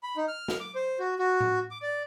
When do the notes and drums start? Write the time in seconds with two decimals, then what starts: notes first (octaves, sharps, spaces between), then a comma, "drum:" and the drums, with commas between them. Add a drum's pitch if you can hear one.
0.03 B5
0.17 D#4
0.28 F6
0.48 drum: snare
0.60 D6
0.75 C5
0.99 F#4
1.19 F#4
1.40 drum: tom A2
1.71 D6
1.82 D5